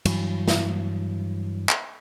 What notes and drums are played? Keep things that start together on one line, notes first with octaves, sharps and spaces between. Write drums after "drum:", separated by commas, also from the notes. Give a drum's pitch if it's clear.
G2 E3 F#3, drum: cymbal
drum: snare
drum: clap